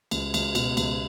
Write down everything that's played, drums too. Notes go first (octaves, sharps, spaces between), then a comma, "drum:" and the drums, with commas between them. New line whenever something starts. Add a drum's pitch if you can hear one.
C#2, drum: cymbal
C#2, drum: cymbal
B2, drum: cymbal
C#2, drum: cymbal